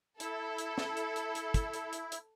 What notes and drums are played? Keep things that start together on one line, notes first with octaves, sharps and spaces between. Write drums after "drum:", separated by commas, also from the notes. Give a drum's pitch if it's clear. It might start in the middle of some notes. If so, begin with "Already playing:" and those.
E4 A4, drum: hi-hat
drum: hi-hat
drum: snare
drum: hi-hat
drum: hi-hat
drum: hi-hat
drum: kick, hi-hat
drum: hi-hat
drum: hi-hat
drum: hi-hat